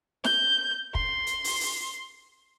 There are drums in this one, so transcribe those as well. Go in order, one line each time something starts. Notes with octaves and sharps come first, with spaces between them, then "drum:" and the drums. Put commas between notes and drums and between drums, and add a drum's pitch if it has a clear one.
G6, drum: snare
C6, drum: kick
drum: hi-hat
drum: open hi-hat
drum: open hi-hat